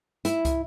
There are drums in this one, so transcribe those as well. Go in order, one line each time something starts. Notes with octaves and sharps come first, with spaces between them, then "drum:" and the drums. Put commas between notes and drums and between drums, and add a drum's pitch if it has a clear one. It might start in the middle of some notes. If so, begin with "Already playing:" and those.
E4, drum: hi-hat
drum: kick, hi-hat